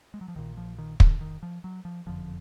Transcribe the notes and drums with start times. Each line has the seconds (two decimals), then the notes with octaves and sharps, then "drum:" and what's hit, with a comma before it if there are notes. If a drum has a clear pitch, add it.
0.14 G#3
0.21 F#3
0.28 F3
0.36 A#1 A#2 D#3
0.57 F3
0.78 D#3
1.00 D3, drum: kick
1.21 D#3
1.43 F3
1.64 F#3
1.85 F3
2.06 F#1 F2 D3 F3